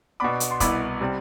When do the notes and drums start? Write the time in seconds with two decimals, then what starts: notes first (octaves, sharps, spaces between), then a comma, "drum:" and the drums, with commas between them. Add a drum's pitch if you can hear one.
0.20 B2 B3 D4 B5 D6
0.40 drum: hi-hat
0.51 C6
0.60 C2 B2 B3 E4 B5 D6, drum: kick, hi-hat
1.01 C3 G3 C4